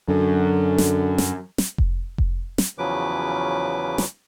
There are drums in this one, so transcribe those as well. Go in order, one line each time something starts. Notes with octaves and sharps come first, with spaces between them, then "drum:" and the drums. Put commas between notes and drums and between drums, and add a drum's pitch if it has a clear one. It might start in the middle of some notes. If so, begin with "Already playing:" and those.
F#2 D3
drum: snare
drum: snare
drum: snare
drum: kick F1
drum: kick F1
drum: snare
E2 C#3 F3 F#3 B4 D6
drum: snare